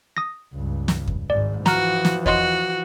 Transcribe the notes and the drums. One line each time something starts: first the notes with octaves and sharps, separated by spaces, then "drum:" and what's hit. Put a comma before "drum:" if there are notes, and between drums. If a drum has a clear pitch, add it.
D#6 A#6
C#2 G2
drum: snare
drum: kick E2
G#1 G#2 D5
E3 F3 F#4 A#5 F6, drum: snare
drum: snare
F#4 C#5 D#5 C6, drum: kick E2